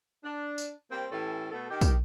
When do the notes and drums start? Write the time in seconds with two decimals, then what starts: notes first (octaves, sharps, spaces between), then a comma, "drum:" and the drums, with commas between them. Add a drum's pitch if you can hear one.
0.23 D4
0.58 drum: tambourine
0.90 G3 A#3 C4
1.11 A2 E3 C#4 G4 A4
1.51 B2 A3 B3 A4
1.69 D#3 G4
1.81 drum: kick, tambourine